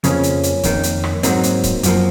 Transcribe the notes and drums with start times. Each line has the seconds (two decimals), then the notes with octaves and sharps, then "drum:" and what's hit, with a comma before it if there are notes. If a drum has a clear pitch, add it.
0.04 F2 C#3 F3 A#3 C#4, drum: hi-hat
0.24 drum: hi-hat
0.44 drum: hi-hat
0.64 F2 D#3 A#3, drum: kick C#1, hi-hat
0.84 drum: hi-hat
1.04 drum: rim click
1.23 G#2 F#3 A#3 C4 D#4, drum: hi-hat
1.44 drum: hi-hat
1.64 drum: kick C#1, hi-hat
1.83 F#2 F3 A#3, drum: hi-hat